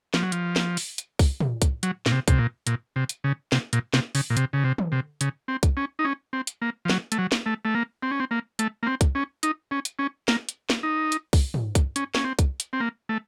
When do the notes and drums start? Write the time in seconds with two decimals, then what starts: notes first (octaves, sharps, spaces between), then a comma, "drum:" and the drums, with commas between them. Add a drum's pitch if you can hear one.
0.14 F3, drum: snare
0.23 F#3
0.32 F3, drum: hi-hat
0.56 drum: snare
0.77 drum: open hi-hat
0.98 drum: hi-hat
1.19 drum: kick C2, open hi-hat
1.40 drum: tom
1.62 drum: kick C2, hi-hat
1.83 F#3, drum: hi-hat
2.06 A#2, drum: snare
2.11 C3
2.28 C3, drum: kick C2, hi-hat
2.38 A#2
2.67 A#2, drum: hi-hat
2.96 C3
3.09 drum: hi-hat
3.24 C#3
3.52 C3, drum: snare
3.73 A#2, drum: hi-hat
3.94 C3, drum: snare
4.15 C#3, drum: open hi-hat
4.30 A#2
4.37 C3, drum: hi-hat
4.53 C#3
4.64 C3
4.78 drum: tom
4.92 C3
5.21 C#3, drum: hi-hat
5.48 C4
5.63 drum: kick C2, hi-hat
5.77 C#4
5.99 D#4
6.05 C#4
6.33 C4
6.47 drum: hi-hat
6.62 A#3
6.85 F3
6.89 F#3, drum: snare
7.12 A3, drum: hi-hat
7.18 F#3
7.32 drum: snare
7.46 A3
7.65 A3
7.75 A#3
8.03 C4
8.11 C#4
8.20 C4
8.31 A#3
8.59 A3, drum: hi-hat
8.83 A#3
8.87 C4
9.01 drum: kick C2, hi-hat
9.15 C#4
9.43 D#4, drum: hi-hat
9.71 C#4
9.85 drum: hi-hat
9.99 C#4
10.28 A#3, drum: snare
10.49 drum: hi-hat
10.70 drum: snare
10.83 D#4
11.12 drum: hi-hat
11.33 drum: kick C2, open hi-hat
11.54 drum: tom
11.75 drum: kick C2, hi-hat
11.96 C#4, drum: hi-hat
12.15 C#4, drum: snare
12.24 C4
12.39 drum: kick C2, hi-hat
12.60 drum: hi-hat
12.73 C4
12.80 A#3
13.09 A3